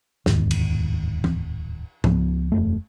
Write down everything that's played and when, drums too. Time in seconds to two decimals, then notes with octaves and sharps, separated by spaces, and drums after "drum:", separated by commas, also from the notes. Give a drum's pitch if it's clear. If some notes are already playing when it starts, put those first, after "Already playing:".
0.26 D1 E2 G#2 D#3, drum: snare
0.51 drum: cymbal
1.24 drum: tom E3
2.04 C#2 F3 B3, drum: tom G#2
2.52 E1 C2 F#2 A3